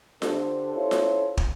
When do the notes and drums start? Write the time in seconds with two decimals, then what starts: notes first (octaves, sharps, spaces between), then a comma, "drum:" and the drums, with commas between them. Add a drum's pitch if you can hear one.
0.22 D3 D4 G4 A4 C5, drum: snare F4
0.75 C#4 E4 F4 A4 C5 C#5
0.91 drum: snare F4
1.37 drum: kick